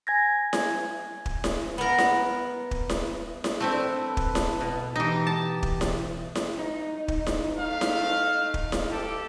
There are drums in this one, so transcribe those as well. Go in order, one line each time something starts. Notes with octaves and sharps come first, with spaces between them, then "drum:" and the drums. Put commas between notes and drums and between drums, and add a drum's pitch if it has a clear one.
G#5 G#6 A#6
drum: snare E4
drum: kick
drum: snare E4
B3 A#4
drum: snare E4
drum: kick
drum: snare E4
drum: snare E4
A3 C4 D4 E4
A4 B4
drum: kick
drum: snare E4
B2
E3 D#4 G4
A5
drum: kick
drum: snare E4
drum: snare E4
D#4
drum: kick
drum: snare E4
A3 F5
drum: snare E4
drum: kick
drum: snare E4
G4 A4